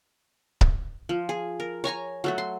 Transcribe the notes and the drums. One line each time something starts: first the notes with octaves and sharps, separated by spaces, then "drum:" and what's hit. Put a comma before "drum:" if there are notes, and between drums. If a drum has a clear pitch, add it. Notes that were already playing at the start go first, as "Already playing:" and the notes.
drum: kick C#1
F3
G#4
A#4
C#5 G#5 A#5 C#6
F#3 A3 F#4
C6